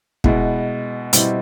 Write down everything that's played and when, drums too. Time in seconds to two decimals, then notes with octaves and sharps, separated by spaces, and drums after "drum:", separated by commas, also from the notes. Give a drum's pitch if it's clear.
0.24 B2 G#3 B3 E4, drum: kick
1.13 B2 G3 C4 E4, drum: hi-hat